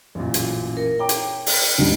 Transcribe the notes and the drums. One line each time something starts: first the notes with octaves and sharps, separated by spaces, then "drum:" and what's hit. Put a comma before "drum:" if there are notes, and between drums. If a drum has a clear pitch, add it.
A1 F#2 A#2
drum: hi-hat
A#4
C#5 G5 A#5 D6
drum: hi-hat
drum: open hi-hat
D2 G#2 D#3 G3 A3